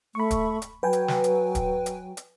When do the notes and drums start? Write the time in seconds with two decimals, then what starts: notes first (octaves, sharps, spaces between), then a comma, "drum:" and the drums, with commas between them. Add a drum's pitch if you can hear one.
0.15 A3 B5 C#6
0.31 drum: kick, hi-hat
0.62 drum: hi-hat
0.83 F#3 B4 G5 G#5
0.93 drum: hi-hat
1.08 drum: snare
1.24 drum: hi-hat
1.55 drum: kick, hi-hat
1.86 drum: hi-hat
2.17 drum: hi-hat